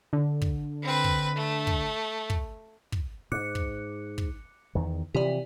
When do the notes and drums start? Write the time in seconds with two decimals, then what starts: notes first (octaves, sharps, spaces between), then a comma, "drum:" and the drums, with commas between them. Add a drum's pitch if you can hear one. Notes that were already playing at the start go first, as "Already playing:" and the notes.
0.13 D3
0.42 drum: kick
0.83 C4 B4
1.04 drum: kick
1.36 A3
1.67 drum: kick
2.30 drum: kick
2.92 drum: kick
3.32 G#2 D6 F#6 C#7
3.55 drum: kick
4.18 drum: kick
4.75 E2 D#3
5.15 C3 E3 F3 G4 D5